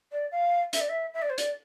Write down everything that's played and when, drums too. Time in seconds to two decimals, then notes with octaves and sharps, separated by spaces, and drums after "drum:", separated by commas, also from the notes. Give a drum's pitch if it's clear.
0.12 D5
0.32 F5
0.73 E5, drum: hi-hat
0.81 D5
0.89 E5
1.14 E5
1.22 D5
1.30 C5
1.38 D5, drum: hi-hat